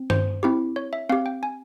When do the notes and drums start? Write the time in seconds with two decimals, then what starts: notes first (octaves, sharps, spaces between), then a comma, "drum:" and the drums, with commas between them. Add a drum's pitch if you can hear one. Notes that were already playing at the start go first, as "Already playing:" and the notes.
Already playing: C4
0.10 C5, drum: tom G2
0.43 C4 E4 G4
0.76 C#5
0.93 E5
1.09 C4 G4 F5
1.26 G5
1.43 G#5